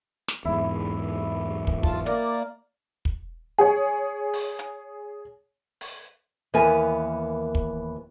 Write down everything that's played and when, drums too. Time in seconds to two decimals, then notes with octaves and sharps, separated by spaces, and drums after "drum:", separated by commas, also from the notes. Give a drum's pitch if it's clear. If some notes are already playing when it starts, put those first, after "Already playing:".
0.28 drum: snare
0.45 E2 G#2 E4
1.67 drum: kick
1.83 F4 A5, drum: kick
2.06 A#3 A#4 D5, drum: hi-hat
3.05 drum: kick
3.58 G#4 C#5
4.33 drum: open hi-hat
4.59 drum: hi-hat
5.81 drum: open hi-hat
6.54 D#2 E3 B3 A#4 G#5
7.55 drum: kick